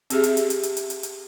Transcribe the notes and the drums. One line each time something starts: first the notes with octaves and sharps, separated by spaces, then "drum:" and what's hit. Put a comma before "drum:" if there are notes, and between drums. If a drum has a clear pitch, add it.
C4 G4 G#4 E5, drum: hi-hat
drum: hi-hat
drum: hi-hat
drum: hi-hat
drum: hi-hat
drum: hi-hat
drum: hi-hat
drum: hi-hat